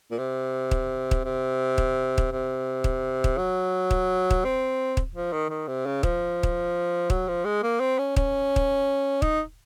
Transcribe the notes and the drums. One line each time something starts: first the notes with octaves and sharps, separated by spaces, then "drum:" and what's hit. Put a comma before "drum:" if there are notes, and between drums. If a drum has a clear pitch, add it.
A#2
C3
drum: kick
drum: kick
C3
drum: kick
drum: kick
C3
drum: kick
drum: kick
F#3
drum: kick
drum: kick
C4
drum: kick
F3
D#3
D#3
C3
C#3
F3, drum: kick
drum: kick
F#3, drum: kick
F3
G#3
A#3
C4
C#4
C#4, drum: kick
drum: kick
D#4, drum: kick